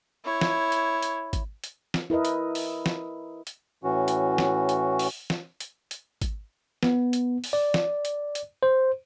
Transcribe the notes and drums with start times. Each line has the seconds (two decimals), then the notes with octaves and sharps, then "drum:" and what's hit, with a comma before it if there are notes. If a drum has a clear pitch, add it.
0.25 E4 C#5
0.41 drum: snare
0.72 drum: hi-hat
1.02 drum: hi-hat
1.33 drum: kick G#1, hi-hat
1.64 drum: hi-hat
1.94 drum: snare
2.10 E4 A#4 B4 D#5
2.25 drum: hi-hat
2.55 drum: open hi-hat
2.86 drum: snare
3.47 drum: hi-hat
3.84 A2 E3 C#4 F#4
4.08 drum: hi-hat
4.38 drum: snare
4.69 drum: hi-hat
4.99 drum: open hi-hat
5.30 drum: snare
5.60 drum: hi-hat
5.91 drum: hi-hat
6.22 drum: kick G#1, hi-hat
6.83 B3, drum: snare
7.13 drum: hi-hat
7.44 drum: open hi-hat
7.53 D5
7.74 drum: snare
8.05 drum: hi-hat
8.35 drum: hi-hat
8.63 C5